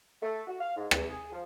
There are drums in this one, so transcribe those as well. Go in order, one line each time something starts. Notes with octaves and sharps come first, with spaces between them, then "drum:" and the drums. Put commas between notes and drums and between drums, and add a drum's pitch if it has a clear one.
A3
F#4
F5
G#2
E2, drum: rim click
G#4
F3